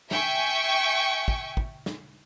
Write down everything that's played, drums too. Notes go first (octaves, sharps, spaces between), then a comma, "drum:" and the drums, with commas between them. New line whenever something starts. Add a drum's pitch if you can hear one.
E5 G5 G#5 C#6, drum: snare
drum: kick
drum: kick
drum: snare